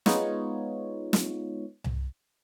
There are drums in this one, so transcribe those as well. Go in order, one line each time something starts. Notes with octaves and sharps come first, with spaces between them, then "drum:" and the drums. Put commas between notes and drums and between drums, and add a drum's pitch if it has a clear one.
G#3 B3 D#4 F4 C#5, drum: snare
drum: snare
drum: tom C2